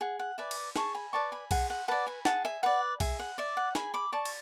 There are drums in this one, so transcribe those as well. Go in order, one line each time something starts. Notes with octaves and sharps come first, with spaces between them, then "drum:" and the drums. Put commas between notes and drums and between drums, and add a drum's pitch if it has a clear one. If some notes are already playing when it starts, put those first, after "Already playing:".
G#4 F#5
F#5
B4 D5 E5 G#5
drum: cymbal
G#4 A5 C#6, drum: snare
G#5 B5
B4 D5 A5 C#6
G#5 B5
G#4 F#5, drum: kick, cymbal
F#5
B4 D5 F#5 A5
G#5 B5
G#4 F#5 A5, drum: snare
E5 G#5
B4 D5 F#5
G#4 E5, drum: kick, cymbal
F#5
D5 E5
F#5
G#4 G#5 B5, drum: snare
B5 D6
D5 A5 C#6
drum: cymbal